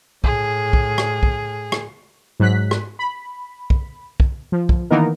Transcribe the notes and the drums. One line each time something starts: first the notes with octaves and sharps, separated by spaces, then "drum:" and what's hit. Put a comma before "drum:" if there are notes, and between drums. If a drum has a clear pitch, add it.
A2 G#4, drum: kick
drum: kick
drum: rim click
drum: kick
drum: rim click
G#2 F#3 F#6 B6
drum: rim click
B5
drum: kick
drum: kick
F3
drum: kick
D#3 E3 A#3 B3 D#4 A#4